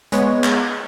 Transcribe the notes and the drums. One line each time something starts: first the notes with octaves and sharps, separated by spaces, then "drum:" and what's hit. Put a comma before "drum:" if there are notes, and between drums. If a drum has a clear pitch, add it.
G#3 B3 C#5, drum: hi-hat
drum: clap